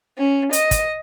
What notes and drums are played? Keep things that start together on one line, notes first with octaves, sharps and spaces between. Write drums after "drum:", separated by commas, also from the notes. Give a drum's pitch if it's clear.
C#4
D#5, drum: hi-hat
drum: kick, hi-hat